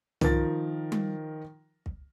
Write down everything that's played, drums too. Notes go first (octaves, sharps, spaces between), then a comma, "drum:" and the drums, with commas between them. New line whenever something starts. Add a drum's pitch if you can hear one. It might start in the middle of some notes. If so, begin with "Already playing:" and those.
D#3 F3 A#4 A6, drum: tom
drum: tom G3
drum: kick